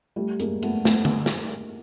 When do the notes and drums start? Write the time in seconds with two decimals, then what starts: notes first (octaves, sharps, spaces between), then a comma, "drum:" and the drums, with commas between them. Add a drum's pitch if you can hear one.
0.16 G3 A3
0.40 G#3 A#3, drum: hi-hat
0.63 A3 B3, drum: cymbal
0.85 A3 B3, drum: snare
1.05 drum: tom D3
1.26 drum: snare